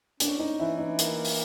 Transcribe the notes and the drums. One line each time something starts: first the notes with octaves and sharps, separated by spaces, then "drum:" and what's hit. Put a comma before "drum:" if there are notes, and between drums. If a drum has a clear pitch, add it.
C#4 D4, drum: hi-hat
D#4
E3 E4
D#4
A#3, drum: hi-hat
drum: open hi-hat